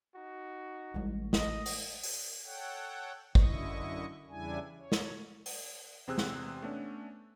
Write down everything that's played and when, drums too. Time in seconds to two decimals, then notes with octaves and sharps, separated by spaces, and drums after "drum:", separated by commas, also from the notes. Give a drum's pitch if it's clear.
0.15 D#4 F#4
0.94 A1 G3 G#3
1.33 A3 D#5, drum: snare
1.66 drum: open hi-hat
2.03 drum: open hi-hat
2.45 A4 C#5 F#5 G5
3.35 F#2 D3 E4 D#5 C#6, drum: kick
4.29 E2 C#3 G3 D4 E4 G#5
4.78 C#5
4.92 drum: snare
5.46 drum: open hi-hat
6.07 E2 C3 C4 G#4 E6 F#6
6.18 drum: snare
6.62 A3 B3 C#4 D4